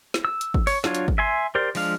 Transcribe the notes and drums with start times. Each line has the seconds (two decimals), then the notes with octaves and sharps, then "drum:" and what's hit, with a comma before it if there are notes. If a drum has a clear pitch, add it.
0.14 drum: snare
0.25 E6
0.41 drum: hi-hat
0.54 drum: kick
0.67 C#5, drum: open hi-hat
0.84 F#3 D4 F4 C#5, drum: snare
0.95 drum: hi-hat
1.08 drum: kick
1.18 E5 G#5 C6
1.55 G4 A#4 C5 D5
1.75 F3 G#3 D4 F5, drum: open hi-hat